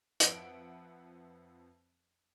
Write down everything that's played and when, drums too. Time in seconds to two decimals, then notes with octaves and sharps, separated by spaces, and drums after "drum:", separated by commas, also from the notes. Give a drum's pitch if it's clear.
0.20 F2 F3 B4 E5 F#5 D7, drum: hi-hat